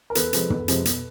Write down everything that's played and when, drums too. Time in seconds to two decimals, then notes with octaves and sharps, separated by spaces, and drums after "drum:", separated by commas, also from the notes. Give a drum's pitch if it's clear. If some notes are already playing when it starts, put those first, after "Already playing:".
0.10 A#4
0.15 E2 A4 B4, drum: hi-hat
0.33 C3 F3 G#3, drum: hi-hat
0.50 E2, drum: tom
0.68 C3 F3 G#3, drum: hi-hat
0.85 B2, drum: hi-hat